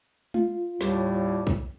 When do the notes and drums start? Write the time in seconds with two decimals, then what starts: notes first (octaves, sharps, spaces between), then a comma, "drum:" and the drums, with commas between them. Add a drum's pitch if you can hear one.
0.34 F4, drum: tom
0.81 D#2 A2 G3, drum: snare
1.47 drum: kick